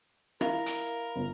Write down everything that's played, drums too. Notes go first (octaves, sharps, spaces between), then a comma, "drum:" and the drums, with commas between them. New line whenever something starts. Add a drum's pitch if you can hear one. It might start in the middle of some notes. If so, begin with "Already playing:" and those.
E4 A#4 F5, drum: rim click
drum: hi-hat
G1